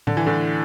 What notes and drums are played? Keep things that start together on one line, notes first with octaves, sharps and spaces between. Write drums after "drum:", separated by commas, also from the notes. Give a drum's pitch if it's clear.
D3, drum: tom A2
E3
A2 D3